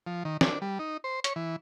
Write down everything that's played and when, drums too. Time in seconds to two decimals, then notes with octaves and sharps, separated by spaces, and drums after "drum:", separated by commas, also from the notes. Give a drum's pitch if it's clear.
0.07 F3
0.25 D#3
0.41 D4, drum: snare
0.62 G3
0.79 D#4
1.04 C5
1.24 C#5, drum: hi-hat
1.36 E3